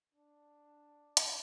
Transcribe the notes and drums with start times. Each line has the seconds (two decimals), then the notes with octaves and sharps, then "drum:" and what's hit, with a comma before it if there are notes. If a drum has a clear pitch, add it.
0.14 D4
1.17 drum: hi-hat